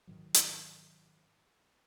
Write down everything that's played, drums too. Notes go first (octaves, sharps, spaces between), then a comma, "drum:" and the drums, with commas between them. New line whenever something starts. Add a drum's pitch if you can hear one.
G#2 D#3 F#3
drum: hi-hat